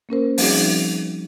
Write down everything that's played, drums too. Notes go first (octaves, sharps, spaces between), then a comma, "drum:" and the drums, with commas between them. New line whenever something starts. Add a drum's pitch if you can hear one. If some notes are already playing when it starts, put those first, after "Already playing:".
A#3 C#4 A#4 C5
F3 G3 C4 D#4 F#4 G#4, drum: open hi-hat